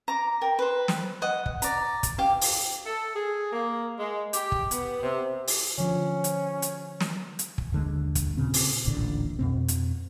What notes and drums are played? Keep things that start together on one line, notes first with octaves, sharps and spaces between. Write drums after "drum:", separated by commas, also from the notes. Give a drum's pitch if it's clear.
A#5 D6
A#4 G5
B4 C5
drum: snare
D#5 F#5
drum: kick
D5 A#5, drum: hi-hat
drum: kick, hi-hat
G4 F5
drum: open hi-hat
A4
G#4
A#3
G#3
G4, drum: hi-hat
drum: kick
B3, drum: hi-hat
C3
drum: open hi-hat
D3 F3 C#4
drum: hi-hat
drum: hi-hat
drum: snare
drum: hi-hat
drum: kick
D#2 D3 G#3
drum: kick, hi-hat
A#2 C#3 C4
drum: open hi-hat
D1 A1 A#2 D3
F2 B2 C4
drum: hi-hat